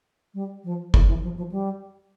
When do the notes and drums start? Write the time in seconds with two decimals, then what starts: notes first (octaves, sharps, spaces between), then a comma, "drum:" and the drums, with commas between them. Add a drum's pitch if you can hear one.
0.34 G3
0.64 F3
0.94 E3, drum: kick G1
1.07 E3
1.23 F3
1.37 F3
1.52 G3